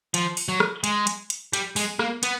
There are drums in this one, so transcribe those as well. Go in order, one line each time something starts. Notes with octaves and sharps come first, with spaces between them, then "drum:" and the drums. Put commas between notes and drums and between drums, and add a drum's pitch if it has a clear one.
F3, drum: hi-hat
drum: open hi-hat
F#3
drum: rim click
G#3, drum: hi-hat
drum: hi-hat
drum: hi-hat
G3, drum: hi-hat
G#3, drum: open hi-hat
A#3, drum: rim click
B3, drum: hi-hat